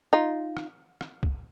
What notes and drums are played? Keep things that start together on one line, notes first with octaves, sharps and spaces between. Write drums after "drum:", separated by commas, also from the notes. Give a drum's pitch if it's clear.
D#4 F4
drum: rim click
drum: rim click
drum: kick